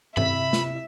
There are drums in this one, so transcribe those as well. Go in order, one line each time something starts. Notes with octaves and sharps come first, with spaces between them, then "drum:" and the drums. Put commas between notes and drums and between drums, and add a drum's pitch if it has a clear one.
C3 E4 E5 B5, drum: tom G2
drum: snare